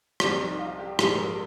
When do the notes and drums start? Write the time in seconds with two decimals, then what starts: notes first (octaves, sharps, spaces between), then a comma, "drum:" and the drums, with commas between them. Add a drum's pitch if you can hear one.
0.20 C2 C3 F3 D5, drum: rim click
0.40 D#4
0.59 F4
0.79 G4
0.99 A#1 G#2 F3 G#4, drum: rim click
1.18 A#4